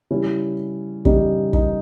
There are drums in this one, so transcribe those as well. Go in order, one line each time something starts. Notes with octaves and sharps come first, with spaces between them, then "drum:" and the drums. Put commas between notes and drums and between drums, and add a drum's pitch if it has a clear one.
C#3 G3 C#4 E4
C#3 G3 D#4, drum: kick
D#4, drum: kick